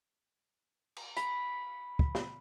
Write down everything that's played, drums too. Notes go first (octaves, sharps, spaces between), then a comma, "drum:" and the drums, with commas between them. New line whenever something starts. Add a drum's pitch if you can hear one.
drum: cymbal
B5, drum: hi-hat
drum: kick
drum: snare